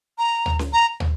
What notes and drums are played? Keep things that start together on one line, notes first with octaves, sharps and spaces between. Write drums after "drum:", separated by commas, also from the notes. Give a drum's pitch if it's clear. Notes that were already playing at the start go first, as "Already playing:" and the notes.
A#5
drum: tom
drum: snare C#4
A#5
drum: tom